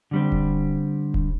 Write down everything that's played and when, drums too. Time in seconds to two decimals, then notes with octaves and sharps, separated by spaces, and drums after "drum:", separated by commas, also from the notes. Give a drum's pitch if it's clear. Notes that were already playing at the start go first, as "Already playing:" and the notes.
0.11 D3 G3 C4
0.32 drum: kick D#1
1.14 drum: kick D#1